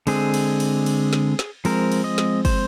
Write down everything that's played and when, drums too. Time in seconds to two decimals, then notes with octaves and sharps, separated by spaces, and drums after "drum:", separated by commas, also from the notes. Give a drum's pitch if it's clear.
0.07 D3 G#3 C4 G#4, drum: cymbal
0.34 drum: cymbal
0.60 drum: cymbal
0.86 drum: cymbal
1.13 drum: snare
1.39 drum: snare
1.65 F3 G#3 C4 A#4, drum: cymbal
1.92 drum: cymbal
2.04 D#5
2.18 drum: snare
2.45 C5, drum: kick, cymbal